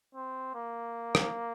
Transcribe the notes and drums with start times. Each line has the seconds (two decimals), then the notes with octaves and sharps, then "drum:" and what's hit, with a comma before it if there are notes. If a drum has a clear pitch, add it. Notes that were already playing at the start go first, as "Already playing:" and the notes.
0.15 C4
0.55 A#3
1.15 drum: rim click